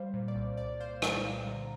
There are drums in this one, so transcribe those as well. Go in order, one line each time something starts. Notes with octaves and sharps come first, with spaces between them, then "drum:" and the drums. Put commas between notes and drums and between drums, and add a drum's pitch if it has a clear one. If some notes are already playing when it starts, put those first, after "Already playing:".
Already playing: G3 C5 F5
A#2
D5
C2
C2 D5
A#2 C5 F5
A#2 D5, drum: rim click
A#2 C5 F5
D3 F5 A#5